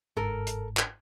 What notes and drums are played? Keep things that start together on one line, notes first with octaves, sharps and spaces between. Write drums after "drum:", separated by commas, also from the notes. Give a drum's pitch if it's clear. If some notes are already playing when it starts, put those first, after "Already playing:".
G1 G#2 A4 A#4
drum: hi-hat
drum: clap